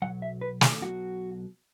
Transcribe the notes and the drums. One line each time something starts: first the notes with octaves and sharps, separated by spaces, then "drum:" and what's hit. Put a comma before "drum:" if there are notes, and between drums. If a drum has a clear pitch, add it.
B1 B2 F#3 F#5
E5
B4
G#4, drum: snare
B1 B2 F#3 F#4